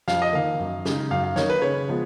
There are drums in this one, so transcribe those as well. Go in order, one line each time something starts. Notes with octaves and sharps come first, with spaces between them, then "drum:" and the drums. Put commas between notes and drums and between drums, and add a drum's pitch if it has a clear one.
F2 F5, drum: snare
D#5
D#3 A#3 F5
F#2
C#3 G#3 D#4, drum: snare
F#2 F5
F5
D#3 A#3 D#4 C#5, drum: snare
B4
C#3 C#5
F3 G#3 B3